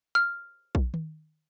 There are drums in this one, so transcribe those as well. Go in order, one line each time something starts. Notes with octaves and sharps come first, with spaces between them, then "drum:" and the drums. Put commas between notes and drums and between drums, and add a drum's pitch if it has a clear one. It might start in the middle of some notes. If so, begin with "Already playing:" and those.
F6
drum: kick A#1
drum: tom D#3